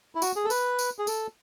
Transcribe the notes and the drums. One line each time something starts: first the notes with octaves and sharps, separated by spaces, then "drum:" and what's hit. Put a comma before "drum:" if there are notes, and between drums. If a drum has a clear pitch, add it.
E4
F#4, drum: tambourine
G#4
A4
B4, drum: tambourine
drum: tambourine
G#4
A4, drum: tambourine